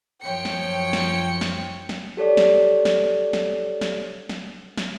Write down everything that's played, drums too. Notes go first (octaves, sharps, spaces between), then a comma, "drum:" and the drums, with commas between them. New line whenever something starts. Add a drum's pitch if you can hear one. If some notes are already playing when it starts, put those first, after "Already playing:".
F#2 F3 C#5 G5 C#7
drum: snare
drum: snare
drum: snare
drum: snare
G4 A4 C#5 D5
drum: snare
drum: snare
drum: snare
drum: snare
drum: snare
drum: snare